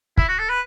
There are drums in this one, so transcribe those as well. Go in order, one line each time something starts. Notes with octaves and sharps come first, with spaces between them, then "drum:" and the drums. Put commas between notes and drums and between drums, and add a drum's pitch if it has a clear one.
E4, drum: kick
F#4
A4
B4